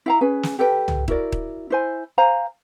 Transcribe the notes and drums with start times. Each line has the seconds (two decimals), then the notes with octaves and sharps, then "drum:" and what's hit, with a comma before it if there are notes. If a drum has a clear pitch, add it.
0.06 E4 F5 A#5
0.21 C#4 G#4 B4 G#5
0.43 drum: snare
0.59 G4 A4 B4 G5
0.88 drum: tom C2
1.08 E4 F#4 A#4 D5, drum: kick D#1
1.32 drum: kick D#1
1.70 E4 C5 G#5
2.18 C5 F5 G#5 A#5